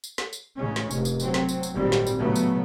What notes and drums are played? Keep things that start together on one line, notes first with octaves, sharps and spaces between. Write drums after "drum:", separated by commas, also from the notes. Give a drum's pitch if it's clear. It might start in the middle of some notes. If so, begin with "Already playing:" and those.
drum: tambourine
drum: snare
drum: tambourine
A1 C#3 G#3 C#4
drum: snare
F1 G#2, drum: tambourine
drum: tambourine
F#3 C4, drum: tambourine
drum: snare
drum: tambourine
drum: tambourine
G#1 A#2 D#3 G3 C4
drum: snare
drum: tambourine
A2 C#3 F#3 A3 B3
drum: tambourine